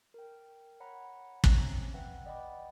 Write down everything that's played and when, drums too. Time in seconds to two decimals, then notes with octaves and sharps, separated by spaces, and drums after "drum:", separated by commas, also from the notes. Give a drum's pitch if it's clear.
0.14 A#4 G5
0.80 C#5 F#5 A#5 B5
1.44 C4 C#4 C#5 E5 G#5 A#5, drum: kick
1.94 B4 E5 F#5 G5
2.26 D5 D#5 F#5 G5 B5 D6